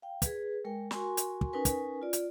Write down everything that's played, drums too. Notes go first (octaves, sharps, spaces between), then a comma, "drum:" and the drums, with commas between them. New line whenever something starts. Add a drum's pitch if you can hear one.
F5 G5
G#4 B4, drum: kick, hi-hat
G#3 A#4 G5
F#4 A#4 G#5 C6 C#6, drum: snare
drum: hi-hat
drum: kick
C#4 D#4 A#4 B4 G#5
drum: kick, hi-hat
F4 D5
drum: hi-hat